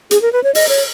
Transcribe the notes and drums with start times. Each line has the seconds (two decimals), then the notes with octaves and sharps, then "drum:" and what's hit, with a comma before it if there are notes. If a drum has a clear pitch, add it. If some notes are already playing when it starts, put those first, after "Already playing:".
0.11 G#4, drum: hi-hat
0.22 A#4
0.33 B4
0.44 C#5
0.55 D#5, drum: open hi-hat
0.69 C#5